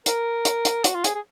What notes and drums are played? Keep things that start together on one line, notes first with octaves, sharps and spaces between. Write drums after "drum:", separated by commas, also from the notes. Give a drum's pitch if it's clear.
A#4, drum: hi-hat
drum: hi-hat
drum: hi-hat
F#4, drum: hi-hat
F4
G#4, drum: hi-hat
G#4